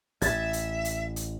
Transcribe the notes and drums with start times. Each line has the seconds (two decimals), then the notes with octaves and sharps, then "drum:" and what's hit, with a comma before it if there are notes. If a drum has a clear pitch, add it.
0.22 A1 E5 G#6 A6, drum: hi-hat
0.53 drum: hi-hat
0.85 drum: hi-hat
1.16 drum: hi-hat